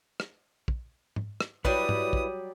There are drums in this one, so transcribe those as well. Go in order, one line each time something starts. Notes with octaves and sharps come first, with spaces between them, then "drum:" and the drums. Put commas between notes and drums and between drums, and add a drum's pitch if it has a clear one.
drum: rim click
drum: kick
drum: tom G#2
drum: rim click
F#3 G3 E4 B4 D5 D#6, drum: kick
drum: tom G#2
drum: kick